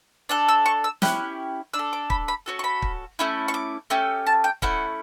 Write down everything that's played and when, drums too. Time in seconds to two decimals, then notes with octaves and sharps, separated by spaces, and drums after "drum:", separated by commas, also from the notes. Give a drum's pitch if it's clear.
0.29 D4 A4 F#6
0.48 E6
0.66 C#6
0.84 E6
1.02 C#4 E4 G4 F#6, drum: snare
1.74 D4 E6
1.79 A4
1.93 D6
2.10 B5, drum: kick
2.28 B5
2.46 C#4 F#4 A4
2.59 C#6
2.64 B5
2.82 drum: kick
3.19 A3 C#4 E4
3.48 C#6
3.54 D6
3.90 A3 C#4 G4
4.27 A5
4.44 G5
4.62 A3 C#4 E4 F#5, drum: kick